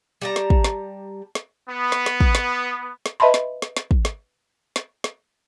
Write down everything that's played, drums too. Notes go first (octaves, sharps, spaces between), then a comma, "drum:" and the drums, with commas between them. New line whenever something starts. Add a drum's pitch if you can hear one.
G3 A5 A#5
drum: snare
drum: kick
drum: snare
drum: snare
B3
drum: snare
drum: snare
drum: kick
drum: snare
drum: snare
B4 D#5 E5 A5 B5 C6
drum: snare
drum: snare
drum: snare
drum: kick
drum: snare
drum: snare
drum: snare